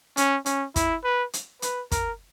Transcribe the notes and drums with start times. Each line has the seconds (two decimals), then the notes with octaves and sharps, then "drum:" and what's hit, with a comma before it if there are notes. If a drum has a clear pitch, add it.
0.17 C#4, drum: hi-hat
0.46 C#4, drum: hi-hat
0.76 E4, drum: kick, hi-hat
1.04 B4
1.33 drum: hi-hat
1.62 B4, drum: hi-hat
1.92 A#4, drum: kick, hi-hat